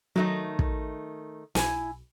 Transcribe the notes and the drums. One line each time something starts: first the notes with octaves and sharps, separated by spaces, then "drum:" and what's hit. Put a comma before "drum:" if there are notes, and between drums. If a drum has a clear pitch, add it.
D#3 F#3 A3 D#4
drum: kick
B1 E4 G#5, drum: snare